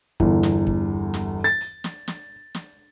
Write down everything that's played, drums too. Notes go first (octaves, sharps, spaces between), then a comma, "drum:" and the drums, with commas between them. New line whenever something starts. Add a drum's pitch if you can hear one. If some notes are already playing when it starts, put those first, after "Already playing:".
G1 E2, drum: kick
drum: snare
drum: kick
drum: snare
A6
drum: hi-hat
drum: snare
drum: snare
drum: snare